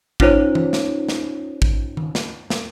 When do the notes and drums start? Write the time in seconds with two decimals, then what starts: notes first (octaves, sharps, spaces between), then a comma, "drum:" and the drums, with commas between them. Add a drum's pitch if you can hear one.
0.20 C#4 D#4 F4 C5 C#5, drum: kick
0.55 drum: tom E3
0.73 drum: snare
1.08 drum: snare
1.62 drum: kick
1.97 drum: tom D#3
2.15 drum: snare
2.50 drum: snare